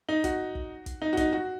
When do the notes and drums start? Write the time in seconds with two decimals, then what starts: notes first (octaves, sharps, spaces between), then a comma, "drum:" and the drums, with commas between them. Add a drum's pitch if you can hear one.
0.09 D#4
0.24 F#4, drum: kick, hi-hat
0.55 drum: kick
0.86 drum: kick, hi-hat
1.02 D#4
1.13 F#4
1.17 D#4, drum: kick, hi-hat
1.33 F#4